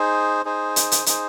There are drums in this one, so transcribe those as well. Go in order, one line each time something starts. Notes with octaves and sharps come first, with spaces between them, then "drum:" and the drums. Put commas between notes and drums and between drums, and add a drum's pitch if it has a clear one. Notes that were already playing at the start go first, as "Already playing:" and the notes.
Already playing: D#4 G#4 C5
D#4 G#4 C5
drum: hi-hat
drum: hi-hat
D#4 G#4 C5, drum: hi-hat